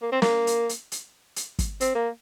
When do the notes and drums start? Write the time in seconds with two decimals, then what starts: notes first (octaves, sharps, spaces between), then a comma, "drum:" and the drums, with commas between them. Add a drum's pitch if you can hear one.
0.02 A#3
0.12 C4
0.22 A#3, drum: snare
0.47 drum: hi-hat
0.69 drum: hi-hat
0.92 drum: hi-hat
1.36 drum: hi-hat
1.59 drum: kick, hi-hat
1.81 C4, drum: hi-hat
1.95 A#3